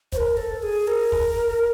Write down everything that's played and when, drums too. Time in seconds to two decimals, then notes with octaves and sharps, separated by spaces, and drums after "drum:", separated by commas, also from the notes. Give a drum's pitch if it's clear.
0.12 C5, drum: kick
0.17 A#4
0.37 A4
0.62 G#4
0.87 A#4
1.12 drum: kick